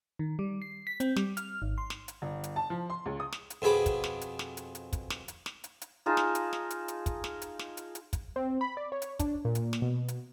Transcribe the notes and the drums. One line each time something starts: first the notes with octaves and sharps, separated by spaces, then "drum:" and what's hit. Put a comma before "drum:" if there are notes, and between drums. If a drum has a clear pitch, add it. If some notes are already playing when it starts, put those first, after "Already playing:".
D#3
G3
C7
B6
C4, drum: hi-hat
G3, drum: snare
F6, drum: hi-hat
G#1
C6
drum: snare
drum: hi-hat
G1
drum: hi-hat
A5
F3
C6
C#2
D#6
drum: snare
drum: hi-hat
F2 B2 G#4 B5 D6
drum: kick, hi-hat
drum: snare
drum: hi-hat
drum: snare
drum: hi-hat
drum: hi-hat
drum: kick, hi-hat
drum: snare
drum: hi-hat
drum: snare
drum: hi-hat
drum: hi-hat
D#4 F4 G#4 A5
drum: snare
drum: hi-hat
drum: snare
drum: hi-hat
drum: hi-hat
drum: kick, hi-hat
drum: snare
drum: hi-hat
drum: snare
drum: hi-hat
drum: hi-hat
drum: kick, hi-hat
C4
B5
D5
C#5
drum: hi-hat
D4, drum: kick, hi-hat
A#2
drum: hi-hat
drum: snare
B2
drum: hi-hat